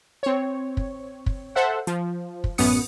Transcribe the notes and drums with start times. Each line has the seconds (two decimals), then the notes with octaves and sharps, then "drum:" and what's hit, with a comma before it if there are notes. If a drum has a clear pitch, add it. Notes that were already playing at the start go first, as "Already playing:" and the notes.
0.23 C4 C#5
0.77 drum: kick
1.26 drum: kick
1.55 A4 C5 E5 F#5
1.87 F3, drum: hi-hat
2.44 drum: kick
2.58 A1 F#2 B3 D#6 C#7, drum: open hi-hat